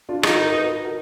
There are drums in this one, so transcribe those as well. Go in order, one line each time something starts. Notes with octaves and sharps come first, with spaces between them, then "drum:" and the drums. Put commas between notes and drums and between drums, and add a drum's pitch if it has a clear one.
D4 F4
D#4 F4 G#4, drum: rim click
F#4 A#4
A#4
B4
F#4 A#4
F#4 A#4